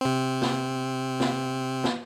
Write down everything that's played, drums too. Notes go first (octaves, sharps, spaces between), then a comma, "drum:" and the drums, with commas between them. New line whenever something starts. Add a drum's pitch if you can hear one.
C3 C4
drum: snare
drum: snare
drum: snare